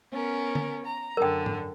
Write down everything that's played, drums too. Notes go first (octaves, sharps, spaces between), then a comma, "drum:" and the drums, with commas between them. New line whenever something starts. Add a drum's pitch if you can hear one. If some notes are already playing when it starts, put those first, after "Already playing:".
B3 C#4 A#4
drum: tom D3
A#5
F#2 D3 A#4 G5
drum: tom G#2